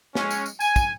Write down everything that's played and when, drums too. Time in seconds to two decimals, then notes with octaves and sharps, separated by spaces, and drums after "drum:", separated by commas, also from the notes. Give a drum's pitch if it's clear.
0.15 G#3 C#4, drum: snare
0.31 drum: tambourine
0.46 drum: tambourine
0.60 G#5, drum: tambourine
0.76 drum: kick, tambourine